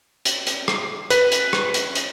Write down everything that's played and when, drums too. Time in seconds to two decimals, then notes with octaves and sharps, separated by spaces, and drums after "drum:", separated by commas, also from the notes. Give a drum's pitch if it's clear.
0.25 drum: hi-hat
0.47 drum: hi-hat
0.68 drum: rim click
1.10 B4, drum: hi-hat
1.32 drum: hi-hat
1.53 drum: rim click
1.74 drum: hi-hat
1.95 drum: hi-hat